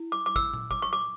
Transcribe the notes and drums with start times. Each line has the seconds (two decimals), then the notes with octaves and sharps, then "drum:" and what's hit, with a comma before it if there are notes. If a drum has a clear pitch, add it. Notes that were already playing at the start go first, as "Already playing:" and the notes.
Already playing: E4
0.12 D6
0.26 D6
0.36 E6, drum: kick
0.53 drum: tom A#2
0.71 D6, drum: kick
0.82 C#6
0.93 D6